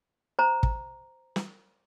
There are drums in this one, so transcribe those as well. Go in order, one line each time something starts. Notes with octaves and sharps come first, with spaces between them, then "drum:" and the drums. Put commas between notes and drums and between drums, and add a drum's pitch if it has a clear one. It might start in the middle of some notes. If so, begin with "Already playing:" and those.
C5 A#5
drum: kick
drum: snare